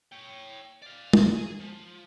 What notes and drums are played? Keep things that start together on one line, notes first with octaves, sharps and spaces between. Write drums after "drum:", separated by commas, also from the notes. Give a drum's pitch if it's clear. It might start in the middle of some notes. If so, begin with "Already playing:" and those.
C#5 G5
D5 F5
drum: tom
G#4 G#5
F3